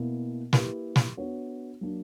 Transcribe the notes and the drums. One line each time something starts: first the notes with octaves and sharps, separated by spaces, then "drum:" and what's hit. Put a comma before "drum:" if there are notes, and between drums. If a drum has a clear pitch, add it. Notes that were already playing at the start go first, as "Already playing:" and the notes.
Already playing: B2 A#3 E4
A#3 E4 G4 B4, drum: snare
drum: snare
B3 D4 F#4 C#5
F#3 A#3 D4